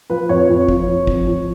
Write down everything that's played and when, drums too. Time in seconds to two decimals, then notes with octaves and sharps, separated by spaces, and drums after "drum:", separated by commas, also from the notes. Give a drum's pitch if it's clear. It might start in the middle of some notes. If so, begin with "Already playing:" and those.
0.10 F3 B4
0.29 F2 C#5
0.49 F2
0.68 F3, drum: kick
0.88 F3
1.07 F2, drum: kick
1.27 F2